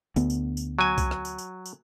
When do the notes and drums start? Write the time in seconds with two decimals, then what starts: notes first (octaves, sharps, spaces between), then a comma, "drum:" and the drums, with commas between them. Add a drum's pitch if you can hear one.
0.16 D2 B3, drum: tambourine
0.30 drum: tambourine
0.57 drum: tambourine
0.79 F#3 G#5
0.98 drum: kick C2, tambourine
1.11 drum: rim click
1.25 drum: tambourine
1.38 drum: tambourine
1.66 drum: tambourine